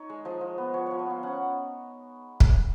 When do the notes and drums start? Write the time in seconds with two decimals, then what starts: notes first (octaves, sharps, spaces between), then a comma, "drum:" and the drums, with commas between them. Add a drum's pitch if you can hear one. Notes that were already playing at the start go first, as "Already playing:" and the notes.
Already playing: D#4 C#5
0.10 G#3
0.25 F3 D#5
0.41 F3
0.58 B3
0.74 F3 C#5
0.86 F3 C#5
0.99 D#5
1.06 B3 F5
1.23 C#4 F#5
2.40 drum: kick